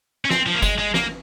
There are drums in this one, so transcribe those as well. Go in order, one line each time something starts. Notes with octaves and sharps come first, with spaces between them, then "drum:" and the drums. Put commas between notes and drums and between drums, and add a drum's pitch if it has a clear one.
C#4
C4, drum: snare
F3
A#3
G#3, drum: kick, tambourine
G#3
A#3, drum: snare